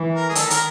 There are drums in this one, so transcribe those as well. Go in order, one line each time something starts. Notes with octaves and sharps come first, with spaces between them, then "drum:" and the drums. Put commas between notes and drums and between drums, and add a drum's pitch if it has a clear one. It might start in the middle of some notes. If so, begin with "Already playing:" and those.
Already playing: E3
A#4
G#4
D#3 A4, drum: hi-hat
A#4, drum: hi-hat